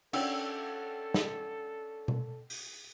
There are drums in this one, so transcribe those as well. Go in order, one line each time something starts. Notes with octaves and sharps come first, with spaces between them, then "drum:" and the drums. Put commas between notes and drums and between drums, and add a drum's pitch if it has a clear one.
C#4 D4 A4 F#5 G5 E6, drum: cymbal
drum: snare
drum: tom B2
drum: open hi-hat